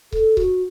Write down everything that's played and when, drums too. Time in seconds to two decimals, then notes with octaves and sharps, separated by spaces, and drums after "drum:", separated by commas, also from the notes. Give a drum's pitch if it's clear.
0.12 A4, drum: kick C#1
0.37 F#4, drum: kick C#1